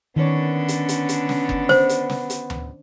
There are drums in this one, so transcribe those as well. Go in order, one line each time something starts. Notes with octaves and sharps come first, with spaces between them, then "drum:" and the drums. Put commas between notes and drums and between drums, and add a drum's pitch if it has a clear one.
D3 D#3 B3 C#4 D4 C#5
drum: hi-hat
drum: hi-hat
drum: hi-hat
drum: snare
drum: kick F#1
C5, drum: snare
drum: hi-hat
drum: snare
drum: hi-hat
drum: tom D2